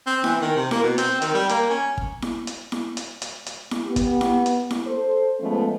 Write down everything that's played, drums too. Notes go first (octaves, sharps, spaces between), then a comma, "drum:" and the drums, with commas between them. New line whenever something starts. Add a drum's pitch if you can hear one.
C4
E3, drum: snare E4
D#3
C3
A#3, drum: snare E4
B2
C4, drum: hi-hat
D#3, drum: hi-hat
G3
A#3, drum: hi-hat
C#4
drum: kick
drum: snare E4
drum: hi-hat
drum: snare E4
drum: hi-hat
drum: hi-hat
drum: hi-hat
drum: snare E4
B3 G4
drum: kick, hi-hat
drum: snare E4
drum: hi-hat
drum: snare E4
A4 C5
F3 G#3 A3 B3 C#4